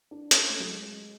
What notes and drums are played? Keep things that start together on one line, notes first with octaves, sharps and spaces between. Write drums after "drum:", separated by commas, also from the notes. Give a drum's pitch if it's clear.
D4
C#4, drum: hi-hat
A3
F#3
G#3